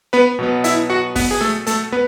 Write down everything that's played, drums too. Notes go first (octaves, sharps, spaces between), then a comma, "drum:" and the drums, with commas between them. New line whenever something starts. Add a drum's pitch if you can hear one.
B3 B4
B2 F#3 B3
E4 E5, drum: hi-hat
F#4 F#5
B3 B4, drum: kick F#1, open hi-hat
G#4
A3 A4
A3 A4, drum: hi-hat
B3 B4